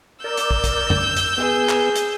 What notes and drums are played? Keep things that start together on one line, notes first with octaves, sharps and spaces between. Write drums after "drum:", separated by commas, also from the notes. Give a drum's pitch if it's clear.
A#4 D5 E6 G6
drum: hi-hat
drum: kick
drum: kick, hi-hat
drum: tom
drum: hi-hat
B3 G#4
drum: clap
drum: hi-hat